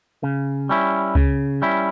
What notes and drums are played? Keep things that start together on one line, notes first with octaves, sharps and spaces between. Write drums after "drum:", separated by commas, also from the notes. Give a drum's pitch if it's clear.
C#3
G3 C#4 E4
C#3, drum: kick C#2
G3 C#4 E4